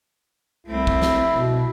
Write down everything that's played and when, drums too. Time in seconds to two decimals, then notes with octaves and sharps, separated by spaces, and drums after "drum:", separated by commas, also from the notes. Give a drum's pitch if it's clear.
0.67 C2 A3 C4 E4
0.87 drum: kick A1
1.02 drum: snare
1.33 B2